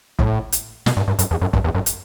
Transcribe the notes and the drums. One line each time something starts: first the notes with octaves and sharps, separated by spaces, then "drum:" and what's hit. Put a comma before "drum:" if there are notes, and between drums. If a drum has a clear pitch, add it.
A2, drum: kick
drum: hi-hat
B2, drum: snare
G2
G2
F#2, drum: hi-hat
E2
F#2
G2, drum: kick
E2
F#2
drum: hi-hat